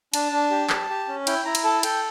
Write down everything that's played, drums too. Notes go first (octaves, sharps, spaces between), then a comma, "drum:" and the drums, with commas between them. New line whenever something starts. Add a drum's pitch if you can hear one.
D4 A5, drum: cymbal
D4
G4
G4, drum: clap
G4
C#4
E4 G5, drum: cymbal
E4 A#5
drum: cymbal
A4 A5
A4 G5, drum: cymbal